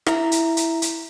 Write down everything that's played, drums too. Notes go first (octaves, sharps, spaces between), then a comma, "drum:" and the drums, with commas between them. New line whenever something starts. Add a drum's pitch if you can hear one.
E4 E5 A#5, drum: rim click
drum: hi-hat
drum: hi-hat
drum: hi-hat